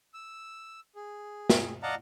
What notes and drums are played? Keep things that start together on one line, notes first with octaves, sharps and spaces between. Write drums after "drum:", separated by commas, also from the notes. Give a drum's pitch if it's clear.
E6
G#4
drum: snare
D5 D#5 F5 F#5 A5 A#5